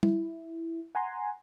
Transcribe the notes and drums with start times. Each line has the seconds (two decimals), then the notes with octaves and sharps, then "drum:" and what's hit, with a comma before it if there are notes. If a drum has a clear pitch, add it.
0.03 E4, drum: tom G3
0.95 F#5 G#5 A#5 C6